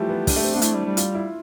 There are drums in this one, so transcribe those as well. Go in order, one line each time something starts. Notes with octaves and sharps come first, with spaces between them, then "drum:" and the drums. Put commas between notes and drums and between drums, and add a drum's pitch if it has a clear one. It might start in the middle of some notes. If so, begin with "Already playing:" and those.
Already playing: E3 F3 G3 A3 G4
B3
D4, drum: kick, open hi-hat
A3
C4
B3 D4
A3 E4, drum: hi-hat
G3
G3
F4, drum: hi-hat
E4